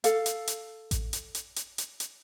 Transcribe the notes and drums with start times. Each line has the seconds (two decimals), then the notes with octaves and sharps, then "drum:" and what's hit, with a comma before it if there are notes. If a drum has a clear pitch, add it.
0.04 A4 F5, drum: hi-hat
0.26 drum: hi-hat
0.47 drum: hi-hat
0.91 drum: kick A1, hi-hat
1.13 drum: hi-hat
1.35 drum: hi-hat
1.56 drum: hi-hat
1.78 drum: hi-hat
2.00 drum: hi-hat